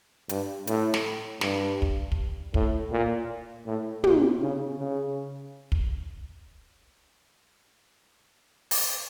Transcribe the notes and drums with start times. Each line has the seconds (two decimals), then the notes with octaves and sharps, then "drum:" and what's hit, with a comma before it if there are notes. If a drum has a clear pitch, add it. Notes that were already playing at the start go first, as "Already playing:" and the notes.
0.29 G2, drum: hi-hat
0.67 A2, drum: hi-hat
0.94 drum: snare
1.41 G2, drum: snare
1.82 drum: kick
2.12 drum: kick
2.54 A2, drum: kick
2.92 A#2
3.66 A2
4.04 A#2, drum: tom
4.41 C#3
4.79 C#3
5.72 drum: kick
8.71 drum: open hi-hat